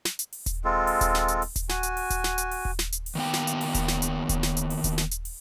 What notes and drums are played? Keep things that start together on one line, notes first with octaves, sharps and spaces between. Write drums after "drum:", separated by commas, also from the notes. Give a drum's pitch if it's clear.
drum: snare
drum: hi-hat
drum: open hi-hat
drum: kick D#1, hi-hat
G#3 C4 F4 A4
drum: open hi-hat
drum: kick D#1, hi-hat
drum: snare
drum: hi-hat
drum: open hi-hat
drum: kick D#1, hi-hat
F#4 G#5, drum: snare
drum: hi-hat
drum: open hi-hat
drum: kick D#1, hi-hat
drum: snare
drum: hi-hat
drum: open hi-hat
drum: kick D#1
drum: snare
drum: hi-hat
drum: open hi-hat
D#3 A#3 B3 G5
drum: snare
drum: hi-hat
drum: open hi-hat
drum: kick D#1, hi-hat
drum: snare
drum: hi-hat
drum: kick D#1, hi-hat
drum: snare
drum: hi-hat
drum: open hi-hat
drum: kick D#1, hi-hat
drum: snare
drum: hi-hat
drum: open hi-hat